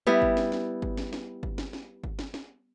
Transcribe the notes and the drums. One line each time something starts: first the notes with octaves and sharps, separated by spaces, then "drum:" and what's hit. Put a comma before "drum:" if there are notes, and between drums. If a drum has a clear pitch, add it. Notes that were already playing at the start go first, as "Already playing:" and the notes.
G3 B3 E4
drum: kick G1
drum: snare
drum: snare
drum: kick G1
drum: snare
drum: snare
drum: kick G1
drum: snare
drum: snare
drum: kick G1
drum: snare
drum: snare